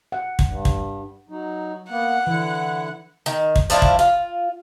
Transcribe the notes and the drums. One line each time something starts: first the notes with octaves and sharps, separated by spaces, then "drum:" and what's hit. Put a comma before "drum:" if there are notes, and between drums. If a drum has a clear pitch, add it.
F#5
drum: kick
G2
drum: kick
F#3 D#4
A#3 B3 F#5
D3 E3 E4
D#3
drum: kick
F3 D4 E4 F5
drum: kick
F4